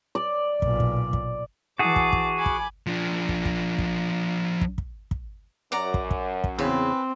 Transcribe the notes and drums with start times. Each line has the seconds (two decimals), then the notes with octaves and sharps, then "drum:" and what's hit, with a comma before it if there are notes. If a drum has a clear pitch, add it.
0.15 D5
0.62 B1 A#2, drum: kick
0.80 drum: kick
1.13 drum: kick
1.79 E3 F#4 G#4 A5 D6
1.96 drum: kick
2.13 drum: kick
2.36 G#5 B5 D6
2.46 drum: kick
2.87 F3 D4
3.29 drum: kick
3.45 drum: kick
3.78 drum: kick
4.61 drum: kick
4.78 drum: kick
5.11 drum: kick
5.72 F#2 D5 F#5 A#5
5.94 drum: kick
6.11 drum: kick
6.44 drum: kick
6.59 E2 C#3 C4 B4 G#5